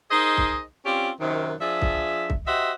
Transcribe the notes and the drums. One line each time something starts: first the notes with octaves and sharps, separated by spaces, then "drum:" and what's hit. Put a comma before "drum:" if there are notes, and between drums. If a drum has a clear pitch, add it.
D#4 G#4 A#4 C5 D#5
drum: kick
C4 C#4 F4 G4 D5
F#2 C3 D#3
F3 D4 G#4 E5
drum: kick
drum: kick
F#4 G4 C5 D#5 E5